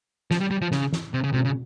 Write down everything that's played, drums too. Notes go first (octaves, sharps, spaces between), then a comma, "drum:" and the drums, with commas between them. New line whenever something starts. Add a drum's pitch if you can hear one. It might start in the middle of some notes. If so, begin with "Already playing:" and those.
F3, drum: snare
G3
G3
F3
C#3, drum: snare
drum: snare
C3
C#3
C3, drum: tom B2
C#3